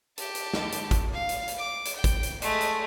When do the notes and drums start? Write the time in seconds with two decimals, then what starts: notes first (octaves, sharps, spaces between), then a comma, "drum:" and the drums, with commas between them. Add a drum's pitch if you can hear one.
0.18 G4 A5, drum: hi-hat
0.35 drum: hi-hat
0.53 drum: snare
0.72 drum: hi-hat
0.91 drum: kick G#1, hi-hat
1.13 F5
1.29 drum: hi-hat
1.48 drum: hi-hat
1.58 D6
1.85 drum: hi-hat
1.95 G5
2.04 drum: kick G#1, hi-hat
2.23 drum: hi-hat
2.42 G#3 A3, drum: hi-hat
2.61 drum: hi-hat